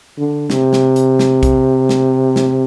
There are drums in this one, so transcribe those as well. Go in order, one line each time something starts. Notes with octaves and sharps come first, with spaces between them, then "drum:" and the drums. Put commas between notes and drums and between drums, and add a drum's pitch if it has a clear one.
D3
C3, drum: snare
drum: snare
drum: hi-hat
drum: snare
drum: kick, hi-hat
drum: snare
drum: snare